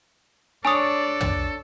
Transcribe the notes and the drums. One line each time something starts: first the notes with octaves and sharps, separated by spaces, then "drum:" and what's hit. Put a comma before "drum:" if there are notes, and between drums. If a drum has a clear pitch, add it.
D4 A4 C#5 D5 G#5 D#6
drum: tom